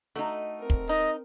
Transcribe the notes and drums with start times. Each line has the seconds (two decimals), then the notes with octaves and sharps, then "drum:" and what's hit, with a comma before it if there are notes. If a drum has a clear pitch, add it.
0.16 A3 D#4 F#4
0.59 C4 A#4
0.70 drum: kick
0.89 D#4 D#5